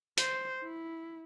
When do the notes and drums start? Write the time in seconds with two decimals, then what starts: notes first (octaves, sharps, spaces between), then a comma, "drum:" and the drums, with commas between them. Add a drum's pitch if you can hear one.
0.18 C5, drum: hi-hat
0.63 E4